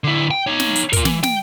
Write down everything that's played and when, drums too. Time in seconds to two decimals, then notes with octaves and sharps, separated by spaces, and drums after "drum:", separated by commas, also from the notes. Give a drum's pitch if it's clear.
0.04 D3 E4
0.31 G5
0.47 D#4 C#5
0.60 drum: snare
0.76 drum: hi-hat
0.93 F4 A#4, drum: kick, hi-hat
1.05 E3, drum: snare
1.23 G5, drum: snare